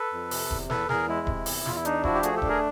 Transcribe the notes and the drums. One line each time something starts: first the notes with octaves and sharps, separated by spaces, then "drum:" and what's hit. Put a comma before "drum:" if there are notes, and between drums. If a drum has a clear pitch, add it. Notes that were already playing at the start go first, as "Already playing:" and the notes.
Already playing: A4 B4
F2
C3, drum: open hi-hat
E2, drum: kick D#1
E2 A4 B4, drum: snare
E2 G#4 A#4, drum: snare
G#3 E4
C3, drum: kick D#1
E2, drum: open hi-hat
E2 F4, drum: snare
E4
D4 D#4, drum: hi-hat
F3 E4 F#4, drum: kick D#1
G4
A3 F#4 G#4, drum: hi-hat
G4 A4
D4, drum: kick D#1
G#4 A#4